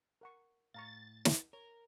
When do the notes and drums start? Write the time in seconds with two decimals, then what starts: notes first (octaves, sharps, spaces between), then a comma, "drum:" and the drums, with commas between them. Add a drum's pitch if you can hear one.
0.21 A#4 F#5 C#6
0.74 A2 F5 A#5 C#6 A6
1.25 drum: snare
1.53 A#4 C#5